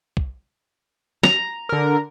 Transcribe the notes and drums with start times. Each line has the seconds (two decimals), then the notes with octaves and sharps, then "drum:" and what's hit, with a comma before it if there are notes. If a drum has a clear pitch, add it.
0.17 drum: kick
1.23 A#5, drum: snare
1.69 D3 A#4